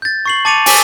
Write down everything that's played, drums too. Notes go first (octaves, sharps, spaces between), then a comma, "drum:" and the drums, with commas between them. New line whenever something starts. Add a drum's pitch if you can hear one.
G6 A6
C#6 C7 F#7
A5 D6 A6 C#7 D#7 F7
G#5 D6 B6 D#7 E7 F#7, drum: open hi-hat